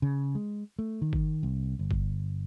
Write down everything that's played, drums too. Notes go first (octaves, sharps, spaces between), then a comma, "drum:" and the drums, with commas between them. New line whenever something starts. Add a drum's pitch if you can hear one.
C#3
G#3
A3
D#3
drum: kick G1
C2
G1
drum: kick G1